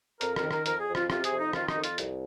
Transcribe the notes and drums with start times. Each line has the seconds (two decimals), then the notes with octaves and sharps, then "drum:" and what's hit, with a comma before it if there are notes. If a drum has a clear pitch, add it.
0.21 F2 A#4, drum: hi-hat
0.36 A#4, drum: rim click
0.43 D#3
0.51 A#4, drum: rim click
0.66 F2 A#4, drum: hi-hat
0.80 G#4
0.87 F2
0.95 F4, drum: rim click
1.10 C3 F4, drum: rim click
1.24 G#4, drum: hi-hat
1.32 F2
1.39 D#4
1.53 D#3 F4, drum: rim click
1.68 D#4, drum: rim click
1.76 F2
1.84 F4, drum: hi-hat
1.98 C2, drum: hi-hat